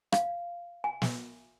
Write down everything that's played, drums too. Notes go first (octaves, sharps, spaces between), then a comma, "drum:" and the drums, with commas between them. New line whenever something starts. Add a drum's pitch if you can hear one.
F5, drum: rim click
G#5
drum: snare